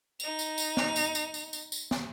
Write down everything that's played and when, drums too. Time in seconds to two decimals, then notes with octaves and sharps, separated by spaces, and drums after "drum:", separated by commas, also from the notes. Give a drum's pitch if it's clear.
0.20 D#4 F7, drum: tambourine
0.39 drum: tambourine
0.58 drum: tambourine
0.77 drum: snare
0.96 drum: tambourine
1.15 drum: tambourine
1.34 drum: tambourine
1.53 drum: tambourine
1.72 drum: tambourine
1.91 drum: snare